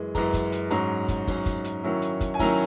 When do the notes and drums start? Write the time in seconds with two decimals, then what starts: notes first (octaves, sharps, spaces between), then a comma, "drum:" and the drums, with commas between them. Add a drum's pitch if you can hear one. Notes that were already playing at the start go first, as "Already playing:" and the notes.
Already playing: F#2 E3 G#3
0.15 F#2 E3 G#3 A#5, drum: kick, open hi-hat
0.34 drum: kick, hi-hat
0.52 drum: hi-hat
0.70 G#2 F#3 C#4 A#5, drum: hi-hat
1.08 drum: kick, hi-hat
1.27 G#2 F#3 C#4, drum: kick, open hi-hat
1.46 drum: kick, hi-hat
1.64 drum: hi-hat
1.84 D#3 F#3 C#4 E4
2.02 drum: hi-hat
2.21 drum: kick, hi-hat
2.34 G#5
2.39 D#3 F#3 C#4 E4 A#5, drum: kick, open hi-hat